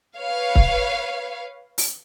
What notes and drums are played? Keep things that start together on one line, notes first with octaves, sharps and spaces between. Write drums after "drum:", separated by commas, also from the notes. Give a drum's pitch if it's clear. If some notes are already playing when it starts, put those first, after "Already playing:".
B4 C#5 F5
drum: kick C#1
drum: open hi-hat